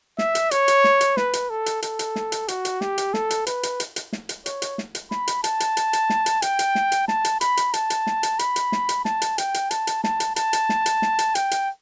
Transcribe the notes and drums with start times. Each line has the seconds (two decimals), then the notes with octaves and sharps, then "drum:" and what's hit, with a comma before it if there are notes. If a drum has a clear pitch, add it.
0.18 E5, drum: snare
0.35 drum: hi-hat
0.51 C#5, drum: hi-hat
0.68 drum: hi-hat
0.84 drum: snare
1.01 drum: hi-hat
1.17 B4, drum: snare
1.33 drum: hi-hat
1.50 A4
1.66 drum: hi-hat
1.82 A4, drum: hi-hat
1.99 drum: hi-hat
2.16 drum: snare
2.32 drum: hi-hat
2.48 F#4, drum: hi-hat
2.65 drum: hi-hat
2.81 G4, drum: snare
2.98 drum: hi-hat
3.14 A4, drum: snare
3.30 drum: hi-hat
3.47 B4, drum: hi-hat
3.63 drum: hi-hat
3.80 drum: hi-hat
3.96 drum: hi-hat
4.13 drum: snare
4.29 drum: hi-hat
4.46 C#5, drum: hi-hat
4.62 drum: hi-hat
4.78 drum: snare
4.95 drum: hi-hat
5.11 B5, drum: snare
5.28 drum: hi-hat
5.44 A5, drum: hi-hat
5.60 drum: hi-hat
5.77 drum: hi-hat
5.93 drum: hi-hat
6.10 drum: snare
6.26 drum: hi-hat
6.42 G5, drum: hi-hat
6.59 drum: hi-hat
6.75 drum: snare
6.92 drum: hi-hat
7.08 A5, drum: snare
7.25 drum: hi-hat
7.41 B5, drum: hi-hat
7.57 drum: hi-hat
7.74 A5, drum: hi-hat
7.90 drum: hi-hat
8.07 drum: snare
8.23 drum: hi-hat
8.39 B5, drum: hi-hat
8.56 drum: hi-hat
8.72 drum: snare
8.89 drum: hi-hat
9.05 A5, drum: snare
9.22 drum: hi-hat
9.38 G5, drum: hi-hat
9.54 drum: hi-hat
9.71 A5, drum: hi-hat
9.87 drum: hi-hat
10.04 A5, drum: snare
10.20 drum: hi-hat
10.36 A5, drum: hi-hat
10.53 drum: hi-hat
10.69 drum: snare
10.86 drum: hi-hat
11.02 drum: snare
11.19 drum: hi-hat
11.35 G5, drum: hi-hat
11.51 drum: hi-hat